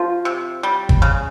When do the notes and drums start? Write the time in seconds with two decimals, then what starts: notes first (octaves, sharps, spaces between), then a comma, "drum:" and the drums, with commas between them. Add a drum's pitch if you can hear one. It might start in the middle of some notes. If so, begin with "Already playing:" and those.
Already playing: F3 F4
0.25 C3
0.63 G3
0.89 drum: kick
1.02 C#3